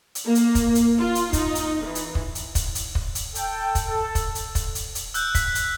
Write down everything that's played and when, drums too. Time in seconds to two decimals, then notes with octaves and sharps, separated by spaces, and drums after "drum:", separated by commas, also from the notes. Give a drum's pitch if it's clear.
0.15 drum: hi-hat
0.24 A#3
0.35 drum: hi-hat
0.55 drum: kick, hi-hat
0.75 drum: hi-hat
0.98 F4
1.15 drum: hi-hat
1.33 D#4, drum: kick, hi-hat
1.55 drum: hi-hat
1.83 E3
1.95 drum: hi-hat
2.15 drum: kick
2.35 drum: hi-hat
2.55 drum: kick, hi-hat
2.75 drum: hi-hat
2.95 drum: kick
3.15 drum: hi-hat
3.35 A4 G5, drum: hi-hat
3.75 drum: kick, hi-hat
3.87 A4
4.15 drum: kick, hi-hat
4.35 drum: hi-hat
4.55 drum: kick, hi-hat
4.75 drum: hi-hat
4.95 drum: hi-hat
5.14 E6 F#6 G6, drum: hi-hat
5.35 B6, drum: kick, hi-hat
5.55 drum: hi-hat